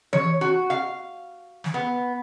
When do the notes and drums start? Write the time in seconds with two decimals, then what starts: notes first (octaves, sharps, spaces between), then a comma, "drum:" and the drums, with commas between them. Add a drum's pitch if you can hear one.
0.13 C#5, drum: tom E3
0.41 F#4
0.70 F5
1.64 drum: snare
1.74 B3